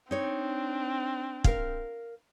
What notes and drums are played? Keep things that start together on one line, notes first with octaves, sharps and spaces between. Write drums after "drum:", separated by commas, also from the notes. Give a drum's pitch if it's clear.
C4 D4 D#4 C#5
A#4 F5, drum: kick